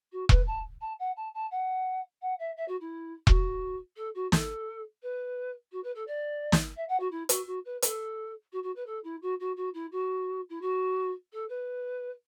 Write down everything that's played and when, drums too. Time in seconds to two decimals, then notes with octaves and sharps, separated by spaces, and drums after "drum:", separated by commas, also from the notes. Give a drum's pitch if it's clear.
0.12 F#4
0.29 B4, drum: kick E1
0.47 A5
0.81 A5
0.99 F#5
1.17 A5
1.34 A5
1.51 F#5
2.22 F#5
2.39 E5
2.57 E5
2.68 F#4
2.81 E4
3.27 F#4, drum: kick E1
3.96 A4
4.15 F#4
4.32 A4, drum: snare
5.02 B4
5.72 F#4
5.83 B4
5.95 A4
6.07 D5
6.52 drum: snare
6.76 E5
6.89 F#5
7.00 F#4
7.11 E4
7.29 F#4, drum: hi-hat
7.47 F#4
7.65 B4
7.82 A4, drum: hi-hat
8.52 F#4
8.63 F#4
8.76 B4
8.86 A4
9.04 E4
9.22 F#4
9.40 F#4
9.57 F#4
9.74 E4
9.92 F#4
10.49 E4
10.61 F#4
11.33 A4
11.49 B4